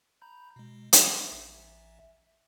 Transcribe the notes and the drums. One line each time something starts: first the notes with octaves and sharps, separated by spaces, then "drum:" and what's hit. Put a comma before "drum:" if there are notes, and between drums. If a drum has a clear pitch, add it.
A#5 B5 G6
B2 G#3
C5 C6 D6, drum: hi-hat
A1 E5